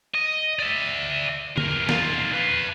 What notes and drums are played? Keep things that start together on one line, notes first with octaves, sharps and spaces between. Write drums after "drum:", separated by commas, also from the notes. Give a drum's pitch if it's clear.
D#5
D5 E5
E2 A#4, drum: tom D3
D#4 F4, drum: snare
B4 F5